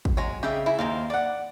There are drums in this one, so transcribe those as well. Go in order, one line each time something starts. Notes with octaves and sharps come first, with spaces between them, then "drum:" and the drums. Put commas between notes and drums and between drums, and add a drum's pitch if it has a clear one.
drum: kick
F#3 G#3 A#5
C#3 G4 D#5 E5
E4 E5 G#5 A#5
D#2 A#4 C5 F5
D5 F#5 D6